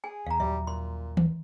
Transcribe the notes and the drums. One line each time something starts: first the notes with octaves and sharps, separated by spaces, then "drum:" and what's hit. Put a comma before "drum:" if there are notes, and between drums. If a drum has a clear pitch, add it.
G#4 G#5
E2 F5 A#5
A#1 D#2 F#3 G3 E5
A#2 C6
drum: tom D#3